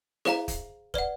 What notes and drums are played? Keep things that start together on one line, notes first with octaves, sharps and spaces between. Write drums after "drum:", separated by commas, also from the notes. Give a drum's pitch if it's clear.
G#4 C5 F5 A#5, drum: snare E4
drum: kick, hi-hat
B4 D5 F#5, drum: kick